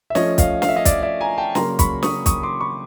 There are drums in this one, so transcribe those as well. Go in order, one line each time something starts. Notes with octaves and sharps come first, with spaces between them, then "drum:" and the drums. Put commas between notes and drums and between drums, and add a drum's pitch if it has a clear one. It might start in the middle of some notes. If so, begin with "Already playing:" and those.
E5
F3 A3 C#4 C#5 D#5, drum: snare
D#5 F5, drum: kick, hi-hat
F5, drum: snare
E5
D#5 F5
D5 E5, drum: kick, hi-hat
D5 E5
G#5 A#5
G5 A5
C#3 F#3 A#3 A#5 C6, drum: snare
B5 C#6, drum: kick, hi-hat
C#6 D#6, drum: snare
C#6 D#6, drum: kick, hi-hat
C6 D6
B5 C#6